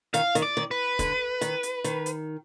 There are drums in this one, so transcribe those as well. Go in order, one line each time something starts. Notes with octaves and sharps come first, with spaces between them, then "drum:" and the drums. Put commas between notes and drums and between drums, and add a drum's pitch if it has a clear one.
D#3 F5, drum: hi-hat
D#3, drum: hi-hat
D5
D#3
B4
D3, drum: kick, hi-hat
D#3, drum: hi-hat
drum: hi-hat
D#3, drum: hi-hat
drum: hi-hat